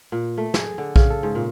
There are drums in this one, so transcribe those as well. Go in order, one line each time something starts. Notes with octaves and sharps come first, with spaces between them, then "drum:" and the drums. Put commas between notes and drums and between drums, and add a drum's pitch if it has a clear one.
A#2
A3
G#4, drum: snare
D3
C#3, drum: kick A#1
A4
G#2
A#2